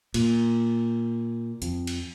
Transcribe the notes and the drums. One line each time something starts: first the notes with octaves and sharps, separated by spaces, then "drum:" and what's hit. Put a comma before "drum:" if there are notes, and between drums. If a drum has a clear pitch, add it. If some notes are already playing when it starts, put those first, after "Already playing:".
A#2, drum: cymbal
F2, drum: hi-hat
drum: cymbal